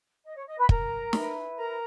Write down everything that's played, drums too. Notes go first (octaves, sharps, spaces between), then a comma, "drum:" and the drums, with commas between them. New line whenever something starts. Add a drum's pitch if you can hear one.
D#5
C#5
D#5
B4 B5
A#4 A#5, drum: kick
E4 B4, drum: snare
A#4 A#5